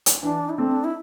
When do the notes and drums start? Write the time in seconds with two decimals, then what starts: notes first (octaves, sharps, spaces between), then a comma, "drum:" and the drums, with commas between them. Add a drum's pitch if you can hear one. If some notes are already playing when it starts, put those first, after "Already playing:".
0.06 drum: hi-hat
0.23 E3 D4
0.50 E4
0.58 A3 C4 D4
0.84 E4